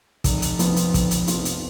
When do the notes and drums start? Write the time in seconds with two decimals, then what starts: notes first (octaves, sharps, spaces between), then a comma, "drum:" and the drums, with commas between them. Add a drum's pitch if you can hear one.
0.24 F1, drum: kick, hi-hat
0.42 drum: hi-hat
0.59 F2 F3 B3 F4, drum: hi-hat
0.76 drum: hi-hat
0.94 F1, drum: kick, hi-hat
1.11 drum: hi-hat
1.27 F2 F3 B3 F4, drum: hi-hat
1.45 drum: hi-hat